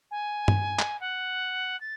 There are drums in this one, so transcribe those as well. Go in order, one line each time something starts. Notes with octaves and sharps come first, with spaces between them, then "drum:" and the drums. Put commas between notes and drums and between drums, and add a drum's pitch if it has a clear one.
G#5
drum: tom G2
drum: clap
F#5
A6